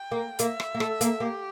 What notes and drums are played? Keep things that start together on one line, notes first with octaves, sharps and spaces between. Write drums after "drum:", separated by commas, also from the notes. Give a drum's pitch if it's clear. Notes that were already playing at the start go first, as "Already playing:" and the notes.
Already playing: G5
A#3
A#3 E5, drum: hi-hat
drum: rim click
A#3
A3, drum: rim click
A#3, drum: hi-hat
A#3 G4